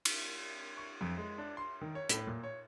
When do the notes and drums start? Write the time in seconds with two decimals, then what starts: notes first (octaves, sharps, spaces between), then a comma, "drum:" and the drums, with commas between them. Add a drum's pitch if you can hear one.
0.05 drum: cymbal
0.77 C#6
1.01 F2
1.18 G#3
1.38 D4
1.57 C6
1.81 D#3
1.95 C#5
2.09 A2, drum: hi-hat
2.27 A#2
2.44 C#5